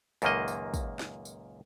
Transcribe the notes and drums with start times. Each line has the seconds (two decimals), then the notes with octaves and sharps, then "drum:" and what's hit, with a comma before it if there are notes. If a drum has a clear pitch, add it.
0.22 C#2 F#2 A#2 D#3 A#3 D#5, drum: tambourine
0.48 drum: tambourine
0.74 drum: kick, tambourine
0.99 drum: snare
1.25 drum: tambourine